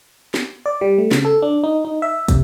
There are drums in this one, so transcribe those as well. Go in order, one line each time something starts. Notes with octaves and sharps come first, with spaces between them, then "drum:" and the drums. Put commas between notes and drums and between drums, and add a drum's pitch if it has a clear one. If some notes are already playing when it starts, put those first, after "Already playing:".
drum: snare
D5
G3
A3
C#3, drum: snare
A4
D4
D#4
D#4
E5
C3, drum: kick, hi-hat